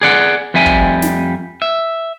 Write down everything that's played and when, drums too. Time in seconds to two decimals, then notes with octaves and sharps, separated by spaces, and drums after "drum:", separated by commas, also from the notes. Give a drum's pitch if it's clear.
0.01 G#4 D5 F#5
0.54 F2 G3 E5 G#5
0.66 drum: kick
1.02 drum: snare
1.62 E5